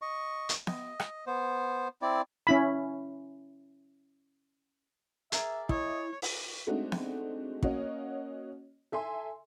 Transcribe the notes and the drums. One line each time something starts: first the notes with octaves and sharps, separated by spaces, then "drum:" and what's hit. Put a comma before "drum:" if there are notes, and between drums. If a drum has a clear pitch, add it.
D#5 C#6
drum: hi-hat
D#5, drum: snare B3
drum: rim click
B3 C5
C4 E4 D5
C#4 E4 B5
G#4 A#4 D5 E5, drum: hi-hat
E4 C#5 D#5, drum: kick
drum: open hi-hat
G#3 A3 C4 D4 D#4 F#4
drum: snare B3
A#3 C#4 F#4 C#5 D#5, drum: kick
A4 E5 G#5 C6